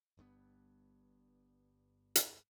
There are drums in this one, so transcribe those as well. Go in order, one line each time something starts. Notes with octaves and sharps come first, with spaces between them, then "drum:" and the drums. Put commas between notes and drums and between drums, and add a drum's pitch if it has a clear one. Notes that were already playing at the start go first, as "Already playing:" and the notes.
G1 G2 C3 B3
drum: hi-hat